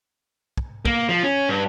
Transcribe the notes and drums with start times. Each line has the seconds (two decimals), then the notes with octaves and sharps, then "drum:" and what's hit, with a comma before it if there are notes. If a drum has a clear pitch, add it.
0.58 drum: kick
0.85 A#3, drum: kick
1.09 F3
1.23 C#4
1.49 G2